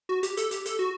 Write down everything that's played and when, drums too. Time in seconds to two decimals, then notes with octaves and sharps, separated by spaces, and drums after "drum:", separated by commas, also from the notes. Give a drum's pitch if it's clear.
0.09 F#4
0.23 G4, drum: hi-hat
0.37 A4, drum: hi-hat
0.51 G4, drum: hi-hat
0.66 A4, drum: hi-hat
0.79 F#4